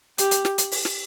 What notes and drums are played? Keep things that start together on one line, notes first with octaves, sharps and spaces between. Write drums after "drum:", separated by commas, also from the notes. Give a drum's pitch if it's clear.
G4, drum: hi-hat
drum: hi-hat
drum: snare
drum: hi-hat
drum: open hi-hat
drum: snare